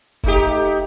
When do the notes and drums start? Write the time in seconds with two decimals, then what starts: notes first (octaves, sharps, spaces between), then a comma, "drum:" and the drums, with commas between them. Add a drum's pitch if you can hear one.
0.23 A3 D#4 G4, drum: kick F1